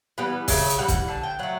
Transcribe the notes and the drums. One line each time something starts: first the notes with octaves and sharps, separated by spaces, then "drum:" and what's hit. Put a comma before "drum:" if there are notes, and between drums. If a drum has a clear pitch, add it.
E3 G3 B3
C#3 E5, drum: kick, open hi-hat
E5, drum: hi-hat
E3 G3 F#5
drum: kick, hi-hat
D3 A5
G5
F#3 A3 F#5